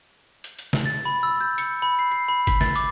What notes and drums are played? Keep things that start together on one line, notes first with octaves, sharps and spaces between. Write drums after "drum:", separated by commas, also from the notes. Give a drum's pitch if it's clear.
drum: hi-hat
drum: hi-hat
drum: snare
A6
B5
E6
G6
C#7, drum: hi-hat
B5
C7
C7
B5
B6, drum: kick G1, hi-hat
A6, drum: snare
D6, drum: hi-hat